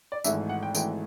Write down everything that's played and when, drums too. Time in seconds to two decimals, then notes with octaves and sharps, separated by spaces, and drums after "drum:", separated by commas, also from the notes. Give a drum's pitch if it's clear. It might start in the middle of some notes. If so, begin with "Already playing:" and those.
0.12 D5
0.24 G#1 G#2 E3 A3 E5, drum: tambourine
0.49 F#5
0.63 G5
0.75 G#1 G#2 E3 A3 G5, drum: tambourine